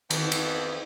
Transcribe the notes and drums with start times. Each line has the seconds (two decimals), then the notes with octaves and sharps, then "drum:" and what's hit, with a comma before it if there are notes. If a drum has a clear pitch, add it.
0.10 F2 D#3 E3 B3, drum: cymbal
0.32 drum: cymbal